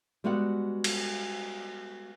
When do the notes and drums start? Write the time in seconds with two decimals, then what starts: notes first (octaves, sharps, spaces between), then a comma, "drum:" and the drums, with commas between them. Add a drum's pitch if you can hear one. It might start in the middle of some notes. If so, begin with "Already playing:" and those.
0.24 G3 G#3 B3 F#4 D5 F#5
0.84 drum: cymbal